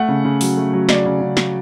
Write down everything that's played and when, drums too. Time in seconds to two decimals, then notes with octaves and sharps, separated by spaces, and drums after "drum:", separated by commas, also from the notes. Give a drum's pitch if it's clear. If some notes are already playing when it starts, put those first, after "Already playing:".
Already playing: A3 F#5
0.08 C#3
0.25 C#3
0.41 F#3, drum: open hi-hat
0.57 A3
0.73 F#3
0.89 C#3 D5, drum: snare
1.06 C#3
1.21 C#3
1.37 F#3, drum: snare